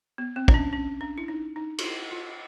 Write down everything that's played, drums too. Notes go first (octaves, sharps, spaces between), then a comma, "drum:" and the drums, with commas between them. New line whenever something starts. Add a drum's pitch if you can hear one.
B3
C4
D4, drum: kick
C#4
C#4
D4
E4
D#4
D#4
F4, drum: cymbal
E4
F4